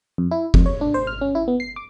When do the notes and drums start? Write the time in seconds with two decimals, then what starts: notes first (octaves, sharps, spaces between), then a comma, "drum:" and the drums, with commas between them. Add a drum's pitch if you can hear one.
0.18 F2
0.31 E4
0.54 F2, drum: kick F#1
0.66 C#5
0.81 D4
0.94 C5
1.07 F6
1.21 C#4
1.35 E4
1.48 B3
1.60 C7
1.76 D6